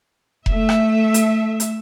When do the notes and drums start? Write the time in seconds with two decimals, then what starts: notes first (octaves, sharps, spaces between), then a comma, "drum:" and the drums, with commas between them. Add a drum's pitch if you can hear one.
0.46 A3 E5, drum: kick F1
0.69 drum: rim click
1.14 drum: hi-hat
1.60 drum: hi-hat